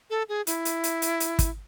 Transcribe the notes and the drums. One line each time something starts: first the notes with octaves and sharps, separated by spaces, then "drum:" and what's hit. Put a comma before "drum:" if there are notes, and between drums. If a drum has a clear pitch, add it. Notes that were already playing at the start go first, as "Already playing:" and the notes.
A4
G#4
E4, drum: hi-hat
drum: hi-hat
drum: hi-hat
drum: hi-hat
drum: hi-hat
drum: kick, hi-hat